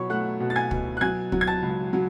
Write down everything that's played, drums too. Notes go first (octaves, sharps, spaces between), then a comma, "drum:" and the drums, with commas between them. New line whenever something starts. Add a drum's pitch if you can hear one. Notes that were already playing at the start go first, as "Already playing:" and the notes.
Already playing: B2 F#3 C#5 B5 C#6
A3 F#5 F#6
B2
A6
G#5 G#6
B2, drum: kick
F#6
F#3 G#5 G#6
F#3, drum: kick
G#6
A5 A6
C#2
F#3